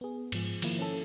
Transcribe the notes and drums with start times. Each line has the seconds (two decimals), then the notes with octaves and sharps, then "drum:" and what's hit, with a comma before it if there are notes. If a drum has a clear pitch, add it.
0.01 B3 G#4
0.32 G#2 F3, drum: cymbal
0.62 D#3 F3 A#3 E4, drum: cymbal
0.79 C#4 A4